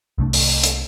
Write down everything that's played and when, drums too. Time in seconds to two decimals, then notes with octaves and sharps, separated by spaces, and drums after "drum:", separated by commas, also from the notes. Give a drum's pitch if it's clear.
0.18 C2 C3 A3 D4
0.33 drum: open hi-hat
0.64 drum: hi-hat